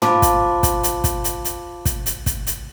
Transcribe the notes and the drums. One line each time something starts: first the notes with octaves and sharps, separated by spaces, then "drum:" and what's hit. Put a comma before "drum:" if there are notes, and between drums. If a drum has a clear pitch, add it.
F4 C5 F5 A5 B5 D6, drum: tom
drum: kick, hi-hat
drum: kick, hi-hat
drum: hi-hat
drum: kick, hi-hat
drum: hi-hat
drum: hi-hat
drum: kick, hi-hat
drum: hi-hat
drum: kick, hi-hat
drum: hi-hat